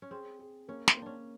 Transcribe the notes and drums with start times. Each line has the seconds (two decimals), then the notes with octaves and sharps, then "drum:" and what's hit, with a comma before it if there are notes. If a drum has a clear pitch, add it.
0.02 C#4
0.11 C4 G#4
0.39 G#4
0.68 A#3 C#4
0.88 C4, drum: snare
0.97 A#3
1.02 C#4 D4